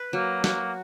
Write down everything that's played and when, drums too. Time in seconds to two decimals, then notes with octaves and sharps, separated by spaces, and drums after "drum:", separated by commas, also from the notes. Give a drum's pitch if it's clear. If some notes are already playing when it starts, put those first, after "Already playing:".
Already playing: B4
0.13 F#3 A#3
0.44 A#3 F#4, drum: snare